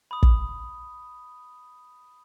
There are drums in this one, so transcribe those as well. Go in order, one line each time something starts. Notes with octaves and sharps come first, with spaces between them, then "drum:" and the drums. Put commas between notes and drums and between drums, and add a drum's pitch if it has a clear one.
B5 D#6
drum: kick